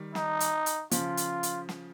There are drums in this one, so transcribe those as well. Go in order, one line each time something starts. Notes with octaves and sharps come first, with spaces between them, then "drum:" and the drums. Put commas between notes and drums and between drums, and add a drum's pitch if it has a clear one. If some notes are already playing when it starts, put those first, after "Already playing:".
Already playing: D#3 G3
D#4, drum: snare
drum: hi-hat
drum: hi-hat
C#3 F3 F4, drum: hi-hat
drum: hi-hat
drum: hi-hat
drum: snare